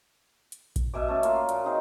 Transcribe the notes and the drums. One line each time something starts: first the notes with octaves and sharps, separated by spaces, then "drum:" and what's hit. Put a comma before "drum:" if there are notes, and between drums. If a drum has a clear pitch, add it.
drum: hi-hat
drum: kick A#1, hi-hat
B2 E5 G#5 D6
A3 C#4 A5
A#3 F4, drum: hi-hat
A#2, drum: hi-hat
C4 D#4 F#4 G#4